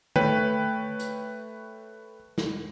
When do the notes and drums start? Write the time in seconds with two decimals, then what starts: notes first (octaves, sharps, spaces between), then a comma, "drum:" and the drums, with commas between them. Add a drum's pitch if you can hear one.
0.16 A3 B4 C#5 G5, drum: tom D3
1.00 drum: hi-hat
2.38 drum: snare